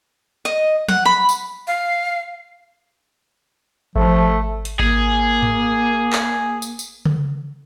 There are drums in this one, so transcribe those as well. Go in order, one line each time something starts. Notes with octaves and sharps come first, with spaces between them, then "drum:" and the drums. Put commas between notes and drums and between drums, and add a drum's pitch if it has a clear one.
D#5
F#5, drum: tom F3
B5
drum: tambourine
F5
F3 A3, drum: kick G#1
drum: hi-hat
A#3 G#4, drum: kick G#1
drum: tom G#2
drum: clap
drum: tambourine
drum: tambourine
drum: tom C#3